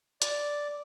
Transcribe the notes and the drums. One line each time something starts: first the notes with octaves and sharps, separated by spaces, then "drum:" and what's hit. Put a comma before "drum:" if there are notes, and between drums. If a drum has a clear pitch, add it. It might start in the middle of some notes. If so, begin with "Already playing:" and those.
D5, drum: hi-hat